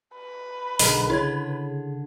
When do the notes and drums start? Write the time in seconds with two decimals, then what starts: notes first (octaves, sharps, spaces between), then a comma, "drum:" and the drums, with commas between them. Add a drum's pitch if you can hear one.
0.15 B4
0.79 B1 D3 G#4 A#4 D#5, drum: open hi-hat
1.10 C#3 E4 C#5 G#6